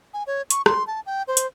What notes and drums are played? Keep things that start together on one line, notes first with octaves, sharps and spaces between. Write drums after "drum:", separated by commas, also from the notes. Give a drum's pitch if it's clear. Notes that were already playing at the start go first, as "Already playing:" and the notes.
G#5
C#5
C#6, drum: hi-hat
C6, drum: rim click
A5
G5
C5
drum: hi-hat